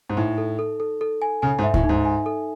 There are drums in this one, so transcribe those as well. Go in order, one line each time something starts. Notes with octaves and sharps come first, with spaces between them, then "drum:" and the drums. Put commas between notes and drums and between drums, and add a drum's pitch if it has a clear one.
G#2
A2 D#4
A4
A4
A4
A4
G#5
C#3 G#5
G#2
E5
A2, drum: kick D2
D#4
G#2
G#5
A4